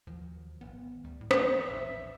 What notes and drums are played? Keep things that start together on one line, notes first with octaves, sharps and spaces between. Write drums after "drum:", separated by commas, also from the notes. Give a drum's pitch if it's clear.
D#2 D#3 F3 F#3
D#1 G#1 B3
D2 G3
A2
drum: rim click
A#1 E2 E5